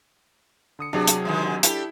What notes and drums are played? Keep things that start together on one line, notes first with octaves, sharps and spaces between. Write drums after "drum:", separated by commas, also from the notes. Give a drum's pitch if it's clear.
D3 D#6 C#7
C3 F#3 D4 G#4
drum: hi-hat
D3 D#3 G#3
D4 E4 G4 A4, drum: hi-hat